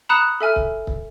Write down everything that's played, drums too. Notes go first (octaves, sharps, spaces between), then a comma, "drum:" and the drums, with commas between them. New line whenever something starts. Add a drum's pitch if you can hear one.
A#5 B5 D#6 F#6 C#7 E7
A4 E5 G#5 F6
drum: kick
drum: kick